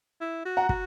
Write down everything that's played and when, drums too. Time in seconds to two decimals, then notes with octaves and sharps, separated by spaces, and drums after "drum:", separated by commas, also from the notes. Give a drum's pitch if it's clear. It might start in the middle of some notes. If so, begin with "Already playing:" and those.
0.21 E4
0.45 F#4
0.57 F#5 A#5
0.69 F#4, drum: kick